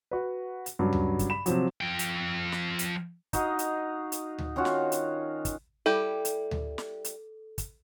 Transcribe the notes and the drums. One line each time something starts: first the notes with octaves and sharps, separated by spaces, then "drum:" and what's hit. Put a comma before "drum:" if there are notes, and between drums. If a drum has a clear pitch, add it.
F#4 B4
drum: hi-hat
G2 C#3 F#3
drum: tom D2
drum: kick, hi-hat
B5 E7
C3 F3 F#3, drum: hi-hat
F3 G5
drum: hi-hat
drum: snare
drum: hi-hat
D#4 F#4 D#5 F5, drum: kick, hi-hat
drum: hi-hat
drum: hi-hat
drum: tom D2
D#3 C#4 F4 F#4
drum: snare
drum: hi-hat
drum: kick, hi-hat
G3 E4 G4 A4
drum: hi-hat
drum: tom D2
drum: snare
drum: hi-hat
drum: kick, hi-hat